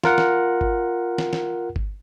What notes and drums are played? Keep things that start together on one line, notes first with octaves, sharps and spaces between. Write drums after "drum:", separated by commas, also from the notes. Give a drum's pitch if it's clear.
F4 A#4 F#5, drum: snare
drum: snare
drum: kick G1
drum: snare
drum: snare
drum: kick G1